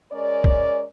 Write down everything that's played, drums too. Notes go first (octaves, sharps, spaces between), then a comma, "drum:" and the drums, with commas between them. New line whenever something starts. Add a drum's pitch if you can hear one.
G#3 C#4 A#4 D5
drum: kick